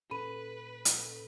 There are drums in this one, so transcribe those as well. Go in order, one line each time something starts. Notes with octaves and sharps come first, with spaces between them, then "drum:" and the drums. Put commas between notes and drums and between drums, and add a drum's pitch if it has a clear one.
A#2 C#4 A4 B4 B5 D#7
drum: hi-hat